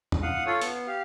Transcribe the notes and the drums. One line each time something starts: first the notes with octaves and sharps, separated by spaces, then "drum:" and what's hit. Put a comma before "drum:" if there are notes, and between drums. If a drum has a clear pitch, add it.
drum: tom
F5 F#5 D#6
F4 A4 C#5
B3, drum: hi-hat
G4 F5